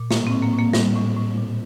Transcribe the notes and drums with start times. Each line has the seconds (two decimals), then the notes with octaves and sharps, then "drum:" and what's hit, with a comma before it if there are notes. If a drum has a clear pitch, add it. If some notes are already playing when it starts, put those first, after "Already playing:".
Already playing: A#2
0.11 A2 A#3, drum: snare
0.27 C4
0.32 A2
0.42 A#3
0.53 A2
0.59 A#3
0.73 A2 G3, drum: snare
0.96 A2
1.16 A2
1.38 A#2